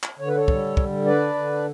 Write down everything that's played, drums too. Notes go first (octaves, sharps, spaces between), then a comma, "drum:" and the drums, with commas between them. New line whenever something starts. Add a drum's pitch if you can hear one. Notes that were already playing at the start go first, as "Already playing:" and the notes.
drum: clap
D3 C#5
B4
A4 C#5
G3, drum: kick
D3, drum: kick
D4 B4 D5
D3